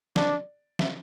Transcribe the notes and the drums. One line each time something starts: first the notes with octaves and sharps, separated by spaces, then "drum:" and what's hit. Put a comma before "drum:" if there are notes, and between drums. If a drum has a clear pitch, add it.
D4 D5, drum: snare
E5, drum: snare